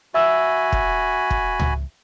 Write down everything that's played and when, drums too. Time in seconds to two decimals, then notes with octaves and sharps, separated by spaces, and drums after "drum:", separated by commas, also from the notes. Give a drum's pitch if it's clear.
0.14 F#4 E5 G#5 B5 E6
0.72 drum: kick
1.31 drum: kick
1.60 drum: tom C#2